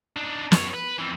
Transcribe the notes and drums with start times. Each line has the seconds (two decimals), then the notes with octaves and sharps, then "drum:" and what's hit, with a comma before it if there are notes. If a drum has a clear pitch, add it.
0.17 D4 D#4
0.52 F#2 C#5, drum: snare
0.74 B4
0.99 F2 E3